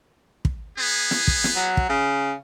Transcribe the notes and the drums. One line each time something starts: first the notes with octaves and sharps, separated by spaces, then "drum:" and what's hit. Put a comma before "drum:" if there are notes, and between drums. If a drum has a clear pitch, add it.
drum: kick
B3 G#4
drum: snare
drum: kick
drum: snare
F#3
drum: kick
C#3